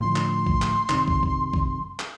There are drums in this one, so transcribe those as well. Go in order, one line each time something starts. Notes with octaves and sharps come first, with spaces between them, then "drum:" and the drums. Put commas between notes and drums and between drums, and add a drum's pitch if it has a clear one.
A2 D3 F3 C6
drum: clap
drum: kick
drum: clap
F#2 C3 D#3, drum: clap
drum: kick
drum: kick
drum: kick
drum: clap